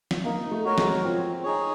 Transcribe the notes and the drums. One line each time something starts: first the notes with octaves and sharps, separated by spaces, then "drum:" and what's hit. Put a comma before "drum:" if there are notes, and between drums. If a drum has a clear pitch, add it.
drum: snare
A#3 D#4
A3
F#4 A#4 C#5
G#3, drum: snare
F3 C4
D#4 G#4 C#5